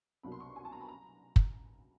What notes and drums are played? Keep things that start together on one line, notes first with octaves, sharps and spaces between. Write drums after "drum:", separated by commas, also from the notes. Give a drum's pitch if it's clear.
C2 B2 F#3 A#3 D4 B5
C6
C#6
G#5
A5
A#5
B5
A#5
drum: kick